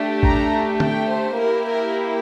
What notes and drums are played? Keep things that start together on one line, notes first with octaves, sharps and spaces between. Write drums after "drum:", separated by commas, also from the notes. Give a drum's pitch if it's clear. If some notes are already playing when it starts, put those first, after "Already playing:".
Already playing: A3 D4 G4
A#5, drum: kick
G5, drum: tom
C5
A#3 E4 G4 A#4
A#4